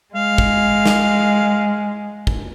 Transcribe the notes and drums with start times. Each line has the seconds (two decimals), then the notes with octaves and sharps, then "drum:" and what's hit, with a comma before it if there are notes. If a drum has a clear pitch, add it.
0.15 G#3 F5
0.38 drum: kick
0.86 drum: snare
2.27 drum: kick